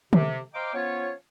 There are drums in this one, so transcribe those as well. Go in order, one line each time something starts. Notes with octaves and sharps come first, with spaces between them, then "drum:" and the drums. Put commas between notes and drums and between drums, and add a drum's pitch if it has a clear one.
C3, drum: tom D3
C5 D#5 F5 G5 A#5 D6
F3 B3 C#4 F4 C#5